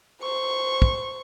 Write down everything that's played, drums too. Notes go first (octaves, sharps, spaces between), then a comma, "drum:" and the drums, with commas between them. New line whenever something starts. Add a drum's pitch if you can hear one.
C5 C#6
drum: kick